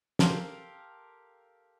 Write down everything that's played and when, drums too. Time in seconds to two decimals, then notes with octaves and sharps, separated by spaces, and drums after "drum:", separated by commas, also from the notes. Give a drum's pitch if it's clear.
0.19 G4 A4 A#4 F5 G5 C6, drum: snare